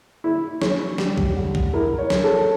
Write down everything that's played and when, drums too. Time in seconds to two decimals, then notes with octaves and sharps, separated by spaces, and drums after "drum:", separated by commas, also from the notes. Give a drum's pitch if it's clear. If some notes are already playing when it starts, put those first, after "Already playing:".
0.24 E4
0.62 C#4, drum: snare
0.98 G3, drum: snare
1.18 drum: kick C2
1.36 D3
1.55 drum: kick C2
1.73 E4 A#4
1.98 C#5
2.10 C#4, drum: snare
2.24 A4